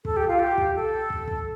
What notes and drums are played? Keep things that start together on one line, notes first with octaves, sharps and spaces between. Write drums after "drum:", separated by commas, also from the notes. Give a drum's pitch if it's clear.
A4, drum: kick
G4
F4
G4
drum: kick
A4
drum: kick
drum: kick